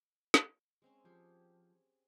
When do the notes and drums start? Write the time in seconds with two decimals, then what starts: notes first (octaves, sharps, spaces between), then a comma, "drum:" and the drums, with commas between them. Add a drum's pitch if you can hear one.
0.34 drum: snare
0.82 G#3 C4 C#4
1.05 F3 G4 G#4